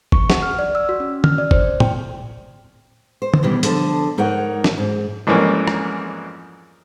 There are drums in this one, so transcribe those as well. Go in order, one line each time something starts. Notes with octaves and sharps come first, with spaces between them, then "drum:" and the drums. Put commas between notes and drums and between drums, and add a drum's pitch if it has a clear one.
C#6, drum: kick
F#5, drum: snare
F6
D5
E6
F#4
C#4
F6, drum: tom
D5
C5, drum: kick
G5, drum: tom
C5
drum: tom
B2 D#3 E3 G3
D3 F3 A5, drum: hi-hat
G#2 D#4 A#4 C#5 F#5
drum: snare
G#2
F2 G#2 E3 G3 A#3 C#4
drum: rim click